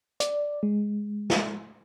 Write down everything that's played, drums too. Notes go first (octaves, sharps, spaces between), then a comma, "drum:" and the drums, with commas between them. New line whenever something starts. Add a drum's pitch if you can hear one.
D5, drum: hi-hat
G#3
drum: snare